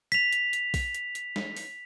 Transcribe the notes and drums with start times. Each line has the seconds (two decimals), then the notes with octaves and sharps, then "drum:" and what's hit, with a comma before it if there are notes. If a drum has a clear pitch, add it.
0.12 B6 F7, drum: hi-hat
0.32 drum: hi-hat
0.53 drum: hi-hat
0.74 drum: kick B1, open hi-hat
0.95 drum: hi-hat
1.15 drum: hi-hat
1.36 drum: snare
1.57 drum: open hi-hat